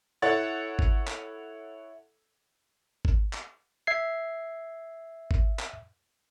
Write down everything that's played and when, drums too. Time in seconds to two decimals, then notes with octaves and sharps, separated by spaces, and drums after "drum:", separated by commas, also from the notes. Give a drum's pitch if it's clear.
0.22 E4 A4 C#5 F#5 A6
0.79 drum: kick G#1
1.07 drum: clap
3.05 drum: kick G#1
3.33 drum: clap
3.87 E5 G#6 C7
5.31 drum: kick G#1
5.59 drum: clap